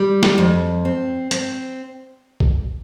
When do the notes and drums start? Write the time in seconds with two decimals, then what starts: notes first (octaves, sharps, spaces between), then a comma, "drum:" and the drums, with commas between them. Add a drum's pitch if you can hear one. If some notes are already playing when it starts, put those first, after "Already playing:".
Already playing: G3
0.23 drum: snare
0.38 F2
0.85 C4
1.31 C4, drum: hi-hat
2.40 drum: kick C2